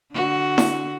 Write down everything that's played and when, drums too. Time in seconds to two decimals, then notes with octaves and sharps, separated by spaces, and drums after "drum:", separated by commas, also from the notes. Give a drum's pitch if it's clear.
0.12 D3 F#4
0.58 drum: snare E4